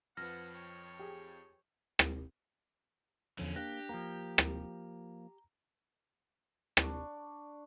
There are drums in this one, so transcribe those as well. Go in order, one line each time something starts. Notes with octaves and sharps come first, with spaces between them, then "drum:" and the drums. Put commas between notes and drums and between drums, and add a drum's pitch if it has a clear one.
F2 F3 B4 F#5 F6 A#6
C#5 G5
G4 G#4
drum: rim click
E2 D3 F3 C#4
A#3 D4 G4 F#6 A#6
F3 A#3 A#5
drum: rim click
D4 D5 C#6, drum: rim click